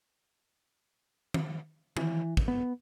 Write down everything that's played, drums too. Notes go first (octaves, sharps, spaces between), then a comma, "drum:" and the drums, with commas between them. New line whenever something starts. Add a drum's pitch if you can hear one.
drum: tom
E3, drum: tom
drum: kick
B3